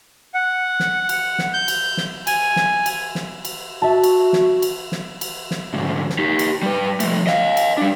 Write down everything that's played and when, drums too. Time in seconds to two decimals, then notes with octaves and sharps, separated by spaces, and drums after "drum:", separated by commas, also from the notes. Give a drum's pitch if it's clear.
0.34 F#5
0.80 drum: snare
1.09 drum: cymbal
1.39 drum: snare
1.54 G6
1.68 drum: cymbal
1.97 drum: snare
2.27 G#5, drum: cymbal
2.56 drum: snare
2.86 drum: cymbal
3.15 drum: snare
3.45 drum: cymbal
3.82 F#4 E5 A5
4.04 drum: cymbal
4.33 drum: snare
4.62 drum: cymbal
4.92 drum: snare
5.21 drum: cymbal
5.51 drum: snare
5.73 D2 G#2
6.10 drum: snare
6.19 D#4 G4
6.39 drum: cymbal
6.63 G3 B4
7.00 F3 A3, drum: cymbal
7.27 D#5 F5, drum: snare
7.57 drum: cymbal
7.78 G3 D4